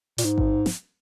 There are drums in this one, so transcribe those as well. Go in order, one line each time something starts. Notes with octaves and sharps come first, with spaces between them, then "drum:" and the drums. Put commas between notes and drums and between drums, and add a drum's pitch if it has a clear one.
A#2, drum: hi-hat
G#2
drum: kick A1
drum: snare